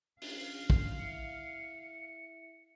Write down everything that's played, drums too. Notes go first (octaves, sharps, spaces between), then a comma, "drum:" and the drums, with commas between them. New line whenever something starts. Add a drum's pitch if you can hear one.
C#4 D4 F4 F5, drum: open hi-hat
drum: kick
E4 E5 C#7